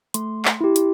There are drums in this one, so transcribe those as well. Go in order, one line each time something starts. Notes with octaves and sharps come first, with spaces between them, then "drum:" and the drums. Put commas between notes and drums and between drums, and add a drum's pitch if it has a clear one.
A3 C6, drum: hi-hat
drum: clap
E4 G4
drum: hi-hat